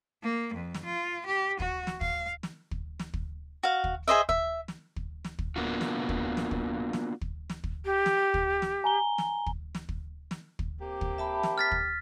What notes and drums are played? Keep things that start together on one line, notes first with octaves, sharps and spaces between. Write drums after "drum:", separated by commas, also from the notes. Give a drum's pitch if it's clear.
A#3
F2
drum: snare
F4
G4
F#4, drum: kick
drum: snare
F5, drum: kick
drum: snare
drum: kick
drum: snare
drum: kick
F#4 F5
drum: kick
G#4 C5 D#5 E5
E5, drum: kick
drum: snare
drum: kick
drum: snare
drum: kick
A#3 B3 D4 F4 F#4
drum: snare
drum: kick
drum: snare
drum: kick
drum: snare
drum: kick
drum: snare
drum: kick
G4
drum: snare
drum: kick
drum: snare
G#5 A#5 G7
drum: snare
drum: kick
drum: snare
drum: kick
drum: snare
drum: kick
A#3 C4 G4
drum: kick
E5 A5 B5
drum: snare
F6 A6 B6
drum: kick